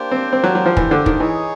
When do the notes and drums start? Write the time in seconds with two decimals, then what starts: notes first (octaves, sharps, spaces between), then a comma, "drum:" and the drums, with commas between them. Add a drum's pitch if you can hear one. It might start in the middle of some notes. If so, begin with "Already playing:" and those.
Already playing: A#3 D4 G4 C5
0.12 C4
0.33 C4
0.44 F#3
0.55 F#3
0.66 F3
0.77 E3, drum: kick
0.91 D3
1.06 D#3, drum: kick
1.20 E3 D#4 G#4 C#5